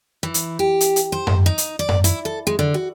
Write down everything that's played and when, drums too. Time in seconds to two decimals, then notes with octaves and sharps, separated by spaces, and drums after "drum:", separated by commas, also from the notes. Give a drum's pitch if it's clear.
0.23 E3
0.34 drum: hi-hat
0.59 G4
0.81 drum: hi-hat
0.96 drum: hi-hat
1.12 C5
1.27 drum: tom F#2
1.46 D#4
1.58 drum: hi-hat
1.79 D5
1.89 drum: tom F#2
2.04 E4, drum: hi-hat
2.25 A4
2.47 G#3
2.59 D3
2.74 F#4